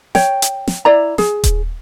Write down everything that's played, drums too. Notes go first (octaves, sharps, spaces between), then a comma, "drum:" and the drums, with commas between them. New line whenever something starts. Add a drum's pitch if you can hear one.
C#5 G5, drum: snare
drum: hi-hat
drum: snare
E4 D5 A#5
G#4, drum: snare
drum: kick D#1, hi-hat